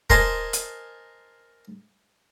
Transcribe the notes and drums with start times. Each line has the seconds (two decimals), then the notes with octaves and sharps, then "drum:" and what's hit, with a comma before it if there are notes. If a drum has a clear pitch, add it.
0.10 A#4 C5 D#5 G#5 A5, drum: kick
0.53 drum: hi-hat